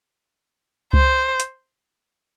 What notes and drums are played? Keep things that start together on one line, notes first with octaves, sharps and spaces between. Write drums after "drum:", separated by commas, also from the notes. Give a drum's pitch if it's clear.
C5, drum: kick C#2
drum: hi-hat